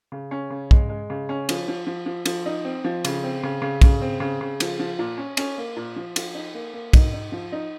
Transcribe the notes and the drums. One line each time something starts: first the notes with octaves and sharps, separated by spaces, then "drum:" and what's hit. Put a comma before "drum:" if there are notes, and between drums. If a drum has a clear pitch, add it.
C#3
C#4
C#3
G#3, drum: kick
G#3
C#3
C#4
F3, drum: cymbal
F3
F3
F3
F3, drum: cymbal
D#4
C4
F3
C#3, drum: cymbal
C4
C#3
C#3
C#3, drum: kick, cymbal
C4
C#3
C#3
F3, drum: cymbal
F3
A#2
C#4
C#4, drum: cymbal
A#3
A#2
F3
F3, drum: cymbal
D#4
A#3
A#3
D#4, drum: kick, cymbal
D#4
F3
D#4